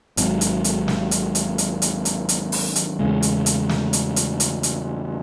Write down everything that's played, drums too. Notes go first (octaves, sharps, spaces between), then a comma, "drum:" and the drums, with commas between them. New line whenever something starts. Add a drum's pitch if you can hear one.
G#1 G#2 F#3 C4, drum: hi-hat
drum: hi-hat
drum: hi-hat
drum: snare
drum: hi-hat
drum: hi-hat
drum: hi-hat
drum: hi-hat
drum: hi-hat
drum: hi-hat
drum: open hi-hat
drum: hi-hat
E2 C#3 G#3
drum: hi-hat
drum: hi-hat
drum: snare
drum: hi-hat
drum: hi-hat
drum: hi-hat
drum: hi-hat